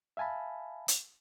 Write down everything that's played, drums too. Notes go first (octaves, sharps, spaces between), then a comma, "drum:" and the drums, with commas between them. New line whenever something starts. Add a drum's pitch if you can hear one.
E5 F5 G#5 A5 B5
drum: hi-hat